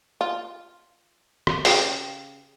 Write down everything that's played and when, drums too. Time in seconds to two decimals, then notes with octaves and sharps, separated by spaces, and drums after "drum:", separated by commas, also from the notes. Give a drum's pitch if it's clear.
0.21 F4
1.47 drum: rim click
1.65 C#3 G4, drum: open hi-hat